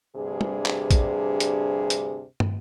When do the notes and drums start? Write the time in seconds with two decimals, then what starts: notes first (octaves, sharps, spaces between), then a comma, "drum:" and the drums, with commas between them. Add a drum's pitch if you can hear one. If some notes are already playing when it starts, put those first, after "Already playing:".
0.16 D2 G2 C3 D4 G#4
0.41 drum: tom G3
0.66 drum: clap
0.91 drum: kick A#1, hi-hat
1.40 drum: hi-hat
1.90 drum: hi-hat
2.40 drum: tom